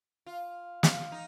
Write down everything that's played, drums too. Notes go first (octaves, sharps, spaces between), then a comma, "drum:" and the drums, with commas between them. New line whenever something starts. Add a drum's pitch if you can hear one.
F4
F4, drum: snare
D#4